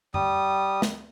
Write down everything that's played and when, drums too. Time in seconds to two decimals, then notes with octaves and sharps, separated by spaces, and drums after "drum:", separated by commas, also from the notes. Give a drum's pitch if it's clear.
0.14 G3 D#6, drum: tom F#2
0.82 drum: snare